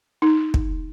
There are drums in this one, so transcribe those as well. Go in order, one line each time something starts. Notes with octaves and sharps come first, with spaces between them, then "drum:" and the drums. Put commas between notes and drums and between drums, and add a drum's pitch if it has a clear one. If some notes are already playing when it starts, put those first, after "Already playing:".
D#4
drum: kick